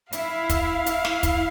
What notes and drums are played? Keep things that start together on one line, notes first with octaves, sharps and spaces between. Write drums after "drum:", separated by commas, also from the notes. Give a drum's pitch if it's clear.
E4 F5, drum: hi-hat
drum: kick, hi-hat
E4, drum: hi-hat
drum: snare
drum: kick, hi-hat